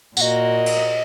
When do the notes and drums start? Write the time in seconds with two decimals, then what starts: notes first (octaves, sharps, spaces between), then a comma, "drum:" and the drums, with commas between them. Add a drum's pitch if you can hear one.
0.17 A#2 A#3 F#4 A#4 D#5 F#5, drum: tambourine
0.66 drum: cymbal